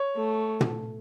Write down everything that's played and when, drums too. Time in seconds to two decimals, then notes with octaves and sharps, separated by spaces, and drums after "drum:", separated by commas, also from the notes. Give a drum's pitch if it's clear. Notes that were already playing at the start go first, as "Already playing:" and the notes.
Already playing: C#5
0.15 A3
0.61 drum: tom